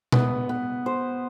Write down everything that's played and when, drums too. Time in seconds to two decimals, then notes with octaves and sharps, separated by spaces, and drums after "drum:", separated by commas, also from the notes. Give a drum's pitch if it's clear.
0.12 B3, drum: tom B2
0.49 B3
0.86 C5